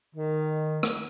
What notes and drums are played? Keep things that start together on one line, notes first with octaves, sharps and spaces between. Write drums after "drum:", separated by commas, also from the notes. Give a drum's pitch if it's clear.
D#3
drum: rim click